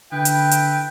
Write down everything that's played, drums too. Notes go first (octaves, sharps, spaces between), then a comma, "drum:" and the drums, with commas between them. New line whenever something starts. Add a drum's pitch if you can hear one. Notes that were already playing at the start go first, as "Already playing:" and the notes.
D3 E4 B4 G5
drum: hi-hat
drum: hi-hat